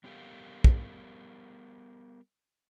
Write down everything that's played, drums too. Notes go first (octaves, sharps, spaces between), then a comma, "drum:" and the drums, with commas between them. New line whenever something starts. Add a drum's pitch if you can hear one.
G3 B3 G4 A4 A#4 F5
drum: kick